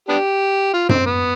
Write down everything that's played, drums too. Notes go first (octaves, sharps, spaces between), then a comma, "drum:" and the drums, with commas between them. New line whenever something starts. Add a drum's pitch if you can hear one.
B3 D4 G4
F4
C4, drum: tom F#2
B3